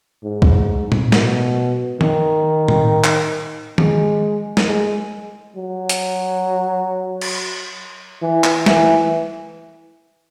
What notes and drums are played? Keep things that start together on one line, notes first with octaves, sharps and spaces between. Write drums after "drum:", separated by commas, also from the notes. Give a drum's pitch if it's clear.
G#2
drum: kick
drum: tom A2
B2, drum: snare
D#3, drum: tom D#3
drum: tom A2
drum: clap
G#3, drum: tom D#3
drum: snare
G#3
F#3
drum: hi-hat
drum: cymbal
E3
drum: clap
E3, drum: snare